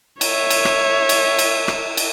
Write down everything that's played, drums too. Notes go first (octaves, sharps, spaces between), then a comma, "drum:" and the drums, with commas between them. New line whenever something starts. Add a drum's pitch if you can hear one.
C#5 E5, drum: cymbal
drum: cymbal
drum: rim click
drum: cymbal
drum: cymbal
drum: rim click
drum: cymbal